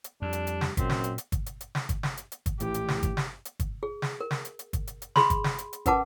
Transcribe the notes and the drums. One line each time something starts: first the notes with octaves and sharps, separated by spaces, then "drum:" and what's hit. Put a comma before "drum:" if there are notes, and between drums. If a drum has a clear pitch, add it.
drum: hi-hat
F2 G3 D4
drum: hi-hat
drum: hi-hat
drum: snare
F#2 A#2 C4, drum: kick, hi-hat
drum: snare
drum: hi-hat
drum: hi-hat
drum: kick, hi-hat
drum: hi-hat
drum: hi-hat
drum: snare
drum: kick, hi-hat
drum: snare
drum: hi-hat
drum: hi-hat
drum: kick, hi-hat
A#1 A2 E3 G4, drum: hi-hat
drum: hi-hat
drum: snare
drum: kick, hi-hat
drum: snare
drum: hi-hat
drum: kick, hi-hat
G#4
drum: snare
A#4
drum: snare
drum: hi-hat
drum: hi-hat
drum: kick, hi-hat
drum: hi-hat
drum: hi-hat
G#4 B5 C6, drum: snare
drum: kick, hi-hat
drum: snare
drum: hi-hat
drum: hi-hat
C#4 A#4 B4 F#5 A5 D6, drum: kick, hi-hat